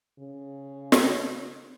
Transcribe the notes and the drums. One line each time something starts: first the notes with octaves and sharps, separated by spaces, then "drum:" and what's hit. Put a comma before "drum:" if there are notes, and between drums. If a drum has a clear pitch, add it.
C#3
drum: snare